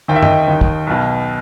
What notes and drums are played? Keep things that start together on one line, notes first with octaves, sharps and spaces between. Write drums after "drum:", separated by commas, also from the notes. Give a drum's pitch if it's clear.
D#2 D#3 G5
E5
D#5 G5, drum: tom
D#2 D#3
drum: kick
B1 B2